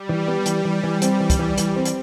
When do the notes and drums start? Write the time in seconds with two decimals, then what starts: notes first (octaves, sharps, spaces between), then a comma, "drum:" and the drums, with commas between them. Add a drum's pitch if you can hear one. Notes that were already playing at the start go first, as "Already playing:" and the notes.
Already playing: G3
0.09 E3
0.28 B3
0.46 E3, drum: hi-hat
0.65 E3
0.83 E3
1.02 C4, drum: hi-hat
1.20 E3
1.30 drum: kick, hi-hat
1.39 E3
1.58 E3, drum: hi-hat
1.76 C4
1.85 drum: hi-hat